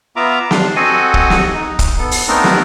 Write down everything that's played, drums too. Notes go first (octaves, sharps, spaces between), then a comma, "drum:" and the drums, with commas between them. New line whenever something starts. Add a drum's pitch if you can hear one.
B3 F4 E5 A#5 D6
D4 C6, drum: snare
C4 F#4 A4 D#5 F#5 G#5
drum: kick
drum: snare
D#4
drum: kick, hi-hat
B3 A4
drum: open hi-hat
A3 B3 C4 D4 D#4 A#4
drum: snare